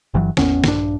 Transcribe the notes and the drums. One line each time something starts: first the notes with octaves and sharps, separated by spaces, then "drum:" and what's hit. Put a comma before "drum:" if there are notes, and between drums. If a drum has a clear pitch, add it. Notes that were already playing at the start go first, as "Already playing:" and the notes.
G1 G2 E3 F#3
A1 E2 B3 C#4, drum: snare
A#1 G2 D4, drum: snare